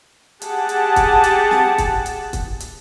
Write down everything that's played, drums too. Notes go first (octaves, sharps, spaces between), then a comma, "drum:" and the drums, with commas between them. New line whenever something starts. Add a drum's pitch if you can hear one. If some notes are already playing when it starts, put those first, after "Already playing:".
G4 G#4 F#5 A5, drum: hi-hat
drum: hi-hat
drum: kick, hi-hat
drum: hi-hat
drum: snare
drum: kick, hi-hat
drum: hi-hat
drum: kick, hi-hat
drum: hi-hat